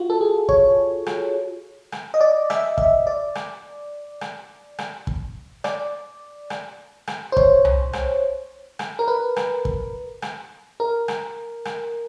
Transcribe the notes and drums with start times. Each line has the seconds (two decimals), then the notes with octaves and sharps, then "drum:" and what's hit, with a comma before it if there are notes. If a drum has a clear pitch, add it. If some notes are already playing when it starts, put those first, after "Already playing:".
Already playing: F4 F#4
0.10 A4
0.21 G#4
0.49 C#5, drum: kick
1.06 drum: rim click
1.92 drum: rim click
2.14 D#5
2.21 D5
2.50 E5, drum: rim click
2.78 E5, drum: kick
3.07 D5
3.35 drum: rim click
4.21 drum: rim click
4.79 drum: rim click
5.07 drum: kick
5.64 D5, drum: rim click
6.50 drum: rim click
7.07 drum: rim click
7.32 C5
7.37 C#5, drum: kick
7.65 drum: tom C2
7.93 drum: rim click
8.79 drum: rim click
8.99 A#4
9.08 B4
9.36 drum: rim click
9.65 drum: kick
10.22 drum: rim click
10.80 A#4
11.08 drum: rim click
11.65 drum: rim click